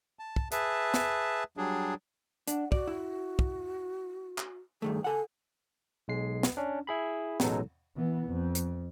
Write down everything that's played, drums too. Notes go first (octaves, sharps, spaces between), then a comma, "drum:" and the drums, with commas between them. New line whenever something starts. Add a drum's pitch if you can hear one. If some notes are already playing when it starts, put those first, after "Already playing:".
A5
drum: kick
G#4 B4 E5 A5, drum: hi-hat
drum: snare
F#3 G3 D4 G#4
D4 F#5, drum: hi-hat
F#4 D5, drum: kick
E4
drum: kick
drum: clap
G2 D#3 A3 G#4
A4 F#5 G#5
B1 G#3 C7
drum: snare
C#4 D4
E4 G#4 B5
A1 B2 F#3 G#3 D#4 A4, drum: snare
E3 B3
F2
drum: hi-hat